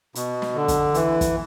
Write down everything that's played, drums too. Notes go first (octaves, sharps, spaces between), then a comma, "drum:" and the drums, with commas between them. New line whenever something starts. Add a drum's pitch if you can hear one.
B2, drum: hi-hat
drum: snare
D3
drum: kick, hi-hat
E3, drum: hi-hat
drum: kick, hi-hat